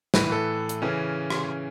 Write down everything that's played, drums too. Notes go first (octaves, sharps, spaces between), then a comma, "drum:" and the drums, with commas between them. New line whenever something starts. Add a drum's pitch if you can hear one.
A2 E3 B4, drum: snare
A4
drum: hi-hat
C#3 E3 C#4
drum: rim click